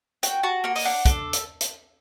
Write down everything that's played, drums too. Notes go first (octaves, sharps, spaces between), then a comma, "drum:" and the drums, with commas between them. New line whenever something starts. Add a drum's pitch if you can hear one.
F#4 G5, drum: hi-hat
F#4 A5
A#3 F#5
D#5, drum: open hi-hat
D4 F#5
D4 A4, drum: kick, hi-hat
drum: hi-hat
drum: hi-hat